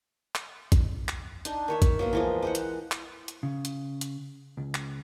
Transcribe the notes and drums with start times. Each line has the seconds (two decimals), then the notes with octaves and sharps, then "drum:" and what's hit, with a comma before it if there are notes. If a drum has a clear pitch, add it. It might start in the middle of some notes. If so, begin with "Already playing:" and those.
0.35 drum: clap
0.72 drum: kick A1, hi-hat
1.08 drum: clap
1.45 D4 D#4, drum: hi-hat
1.68 D#3 C#5 E5
1.82 drum: kick A1, hi-hat
1.99 F#3 A#3 B3
2.13 E3 F3 G#3
2.42 G#3 C5 F#5
2.55 drum: hi-hat
2.92 drum: clap
3.28 drum: hi-hat
3.43 C#3
3.65 drum: hi-hat
4.01 drum: hi-hat
4.57 C#2
4.75 drum: clap